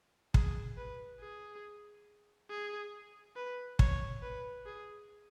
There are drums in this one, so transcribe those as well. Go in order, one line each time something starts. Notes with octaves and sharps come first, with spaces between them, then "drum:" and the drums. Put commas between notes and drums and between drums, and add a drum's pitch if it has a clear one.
G#4, drum: kick
B4
G#4
G#4
B4
C#5, drum: kick
B4
G#4